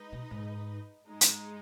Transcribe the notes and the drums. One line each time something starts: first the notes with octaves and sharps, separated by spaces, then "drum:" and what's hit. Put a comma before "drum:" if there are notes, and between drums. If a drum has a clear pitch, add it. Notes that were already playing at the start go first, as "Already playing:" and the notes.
Already playing: G#3 D#4 B4 D#5
B2
G#2
G#2 G#3 D#4
drum: hi-hat